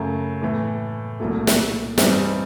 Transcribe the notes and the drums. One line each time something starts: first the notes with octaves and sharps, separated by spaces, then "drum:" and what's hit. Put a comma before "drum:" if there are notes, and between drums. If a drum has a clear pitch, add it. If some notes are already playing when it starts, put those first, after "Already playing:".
Already playing: F#2 C#3 F#3 A3
A2 E3 A3
C2 A#2 F#3 A3
drum: snare
G2 E3 G3 C4 D#4, drum: snare